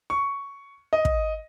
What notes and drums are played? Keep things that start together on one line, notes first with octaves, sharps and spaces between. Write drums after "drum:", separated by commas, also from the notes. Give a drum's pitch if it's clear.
C#6
D#5
drum: kick